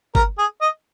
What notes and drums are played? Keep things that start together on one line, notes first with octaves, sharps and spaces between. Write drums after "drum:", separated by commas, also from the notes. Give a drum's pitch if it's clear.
A#4, drum: kick G1
G#4
D#5